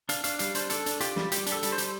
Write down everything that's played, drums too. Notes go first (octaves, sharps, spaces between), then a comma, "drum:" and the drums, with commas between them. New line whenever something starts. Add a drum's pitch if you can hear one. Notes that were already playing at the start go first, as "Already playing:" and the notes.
D4 F5, drum: hi-hat
D4 F5, drum: hi-hat
G3 F5, drum: hi-hat
D4 C5, drum: hi-hat
D4 A4, drum: hi-hat
D4, drum: hi-hat
F4 G4, drum: hi-hat
G3, drum: snare
G3 G4, drum: hi-hat
D4, drum: hi-hat
A4
G3, drum: hi-hat
C5
G3, drum: hi-hat